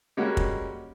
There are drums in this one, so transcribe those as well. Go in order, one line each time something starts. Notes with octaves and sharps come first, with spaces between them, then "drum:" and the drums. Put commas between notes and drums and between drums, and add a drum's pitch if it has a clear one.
G3 G#3 A#3 C#4 F#4
drum: kick